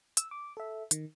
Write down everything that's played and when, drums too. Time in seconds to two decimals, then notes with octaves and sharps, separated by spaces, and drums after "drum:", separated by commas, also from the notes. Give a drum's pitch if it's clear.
0.17 E6, drum: hi-hat
0.31 D6
0.57 A4 E5
0.91 D#3, drum: hi-hat